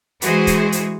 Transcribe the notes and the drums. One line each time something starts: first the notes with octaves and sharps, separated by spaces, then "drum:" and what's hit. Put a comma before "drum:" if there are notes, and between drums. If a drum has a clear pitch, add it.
E3 G#3 E4 F#4 G#4 C5, drum: hi-hat
drum: kick, hi-hat
drum: hi-hat